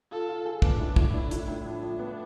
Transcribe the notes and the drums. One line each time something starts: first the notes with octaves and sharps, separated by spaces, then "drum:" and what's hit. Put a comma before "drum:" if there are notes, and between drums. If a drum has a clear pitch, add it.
F4 A4
F4
G#4
B3 D4, drum: kick
A2
A2, drum: kick
D4 E4
A2, drum: hi-hat
A2
F3 D4
F3
B3